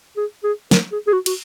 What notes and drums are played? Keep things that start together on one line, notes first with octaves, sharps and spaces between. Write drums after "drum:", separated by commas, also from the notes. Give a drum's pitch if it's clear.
G#4
G#4
A#4, drum: snare
G#4
G#4
F#4
F#4, drum: cymbal